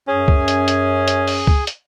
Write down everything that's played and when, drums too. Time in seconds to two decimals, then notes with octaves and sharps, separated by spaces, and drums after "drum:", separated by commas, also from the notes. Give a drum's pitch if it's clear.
0.08 F#2 C#4 G#4 G#5
0.28 drum: kick C#2
0.48 drum: hi-hat
0.68 drum: hi-hat
1.08 drum: hi-hat
1.27 drum: open hi-hat
1.47 drum: kick C#2
1.67 drum: hi-hat